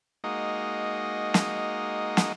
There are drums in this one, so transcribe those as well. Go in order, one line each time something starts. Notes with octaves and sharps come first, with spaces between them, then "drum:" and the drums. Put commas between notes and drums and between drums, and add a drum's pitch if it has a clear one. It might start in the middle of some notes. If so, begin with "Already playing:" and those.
G#3 A#3 D#4 F#4 D#5
drum: snare
drum: snare